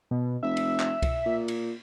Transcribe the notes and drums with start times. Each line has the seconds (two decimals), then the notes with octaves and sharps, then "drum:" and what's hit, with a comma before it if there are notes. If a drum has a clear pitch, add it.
0.11 B2
0.43 F1 E5
0.57 drum: cymbal
0.80 drum: clap
1.02 drum: kick C2, cymbal
1.26 A#2
1.48 drum: cymbal